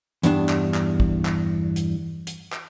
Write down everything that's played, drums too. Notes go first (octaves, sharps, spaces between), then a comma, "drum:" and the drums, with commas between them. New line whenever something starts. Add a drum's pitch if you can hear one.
E2 G2 D4, drum: hi-hat
drum: clap
drum: clap
drum: kick
drum: clap
drum: hi-hat
drum: hi-hat
drum: clap